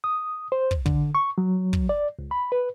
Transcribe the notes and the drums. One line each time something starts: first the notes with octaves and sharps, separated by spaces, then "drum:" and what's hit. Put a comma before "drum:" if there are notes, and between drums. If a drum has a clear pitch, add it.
D#6
C5
drum: kick
D3, drum: kick
C#6
F#3
drum: kick
D5
C#2
B5
B4